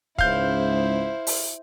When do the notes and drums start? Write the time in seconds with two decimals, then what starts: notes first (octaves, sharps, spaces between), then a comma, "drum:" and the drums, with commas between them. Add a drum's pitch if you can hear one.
0.19 C#2 G#2 E4 C5 F5 G6, drum: kick
1.27 drum: open hi-hat